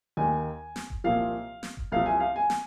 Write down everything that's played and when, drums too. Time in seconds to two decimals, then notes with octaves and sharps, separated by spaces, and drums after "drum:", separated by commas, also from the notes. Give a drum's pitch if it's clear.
0.17 D#2 D#3 G#5
0.76 drum: snare
0.90 drum: kick D#1
1.04 C2 A#2 F3 F5
1.63 drum: snare
1.77 drum: kick D#1
1.92 C2 C3 F3 F5
2.06 G#5
2.20 F5
2.36 G#5
2.50 drum: snare